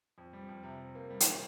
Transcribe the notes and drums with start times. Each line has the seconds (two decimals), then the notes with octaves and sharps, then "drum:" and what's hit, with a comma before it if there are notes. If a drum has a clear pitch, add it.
0.18 F2
0.33 G3
0.48 F2
0.63 C3
0.79 C3
0.95 A#3
1.10 G3
1.20 drum: hi-hat